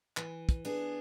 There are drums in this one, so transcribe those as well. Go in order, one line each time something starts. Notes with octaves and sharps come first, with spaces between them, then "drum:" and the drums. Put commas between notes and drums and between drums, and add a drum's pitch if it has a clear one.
E3, drum: clap
drum: kick, hi-hat
B3 D4 G#4